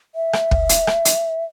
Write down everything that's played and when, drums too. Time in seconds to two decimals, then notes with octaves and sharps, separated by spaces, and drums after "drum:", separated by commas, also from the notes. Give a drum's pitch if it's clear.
0.15 E5
0.33 drum: rim click
0.51 drum: kick
0.69 drum: hi-hat
0.87 drum: rim click
1.05 drum: hi-hat